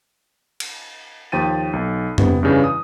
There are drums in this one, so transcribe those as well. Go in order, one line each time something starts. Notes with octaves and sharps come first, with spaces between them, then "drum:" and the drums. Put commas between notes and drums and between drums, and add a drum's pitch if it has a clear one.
drum: cymbal
D#2 F3 G5 A6 D#7
B1
C3 B3, drum: tom F2
G2 C#3 E3
D#6